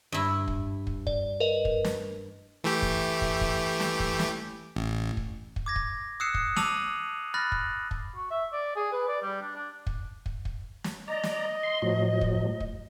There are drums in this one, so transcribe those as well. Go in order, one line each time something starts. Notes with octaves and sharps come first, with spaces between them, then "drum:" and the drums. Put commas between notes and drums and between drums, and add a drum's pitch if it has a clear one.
G2 E4
drum: kick
drum: kick
D5, drum: kick
A#4 B4 D#5
drum: kick
drum: snare
E3 A3 G4
drum: kick
drum: kick
drum: kick
drum: snare
drum: kick
drum: snare
A1
drum: kick
drum: kick
D6 G#6 A#6
drum: kick
D#6 E6 F#6 C7 C#7 E7
drum: kick
A5 D6 E6 D#7 F7 F#7, drum: snare
B5 F6 F#6 A6 A#6
drum: kick
drum: kick
F#4
E5
D5
G#4
B4
D5
G3
D4
D4
drum: kick
drum: kick
drum: kick
drum: snare
D5 D#5 A#5
drum: snare
C6
A2 F3 F#3
drum: kick
drum: kick